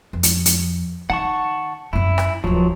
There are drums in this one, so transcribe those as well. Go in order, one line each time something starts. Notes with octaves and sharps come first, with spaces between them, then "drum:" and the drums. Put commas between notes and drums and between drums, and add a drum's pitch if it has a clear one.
F2
drum: hi-hat
drum: hi-hat
D#3 F#5 A5 C#6
F#2 C4 E4
drum: rim click
D1 G#1 F3 F#3